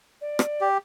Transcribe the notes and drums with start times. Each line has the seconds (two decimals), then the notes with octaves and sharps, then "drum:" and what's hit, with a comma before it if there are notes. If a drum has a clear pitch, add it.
0.21 D5
0.39 drum: rim click
0.61 G4